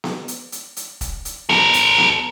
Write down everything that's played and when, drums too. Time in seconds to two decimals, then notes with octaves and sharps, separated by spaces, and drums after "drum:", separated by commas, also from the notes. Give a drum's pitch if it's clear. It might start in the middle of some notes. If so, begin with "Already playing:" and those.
0.04 drum: snare B3
0.28 drum: hi-hat
0.52 drum: hi-hat
0.77 drum: hi-hat
1.01 drum: kick, hi-hat
1.25 drum: hi-hat
1.49 A4 A#4, drum: snare B3
1.74 drum: hi-hat
1.98 drum: snare B3